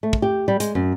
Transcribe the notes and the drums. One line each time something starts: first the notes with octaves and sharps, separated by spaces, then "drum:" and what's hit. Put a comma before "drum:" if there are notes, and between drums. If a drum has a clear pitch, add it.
A3
drum: kick
G4
G3
G#3, drum: hi-hat
F#2